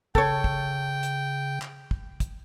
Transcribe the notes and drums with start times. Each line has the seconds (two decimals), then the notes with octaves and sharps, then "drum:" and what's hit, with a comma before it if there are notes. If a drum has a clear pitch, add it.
0.15 C#3 A4 C#5 G5, drum: kick
0.44 drum: kick
1.03 drum: hi-hat
1.62 drum: clap
1.91 drum: kick
2.20 drum: kick, hi-hat